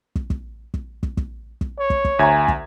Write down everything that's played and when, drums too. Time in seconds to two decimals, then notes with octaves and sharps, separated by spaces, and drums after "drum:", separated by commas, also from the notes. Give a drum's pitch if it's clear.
0.15 drum: kick
0.30 drum: kick
0.74 drum: kick
1.03 drum: kick
1.17 drum: kick
1.61 drum: kick
1.79 C#5
1.90 drum: kick
2.05 drum: kick
2.19 D2 E5 G#5 A#5 G#6
2.48 drum: kick